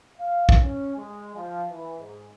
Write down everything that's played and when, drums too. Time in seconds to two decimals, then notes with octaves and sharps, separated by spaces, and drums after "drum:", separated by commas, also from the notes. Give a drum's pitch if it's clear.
0.18 F5
0.49 drum: kick
0.60 C#4
0.96 G#3
1.35 F3
1.69 E3
1.99 G#2